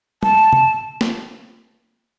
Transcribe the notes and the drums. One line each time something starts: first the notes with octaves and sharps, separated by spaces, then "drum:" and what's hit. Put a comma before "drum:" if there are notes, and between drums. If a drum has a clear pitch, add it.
A5, drum: tom
drum: tom
drum: snare